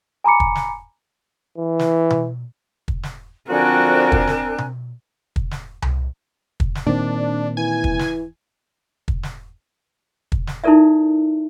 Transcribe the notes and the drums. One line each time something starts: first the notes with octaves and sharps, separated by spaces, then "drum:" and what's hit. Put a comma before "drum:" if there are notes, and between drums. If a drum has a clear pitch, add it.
G#5 A#5 B5 D6 C#7
drum: kick
drum: snare
E3
drum: snare
drum: tom B2
drum: kick
drum: snare
D3 F3 C4 D4 F#4 A#4 G#5 F#6
drum: kick
drum: snare
drum: tom B2
drum: kick
drum: snare
drum: tom C2
drum: kick
drum: snare
A#2 D#3 C4 D4
E3 G#5
drum: kick
drum: snare
drum: kick
drum: snare
drum: kick
drum: snare
D#4 E4 A4 A#4 D5 E5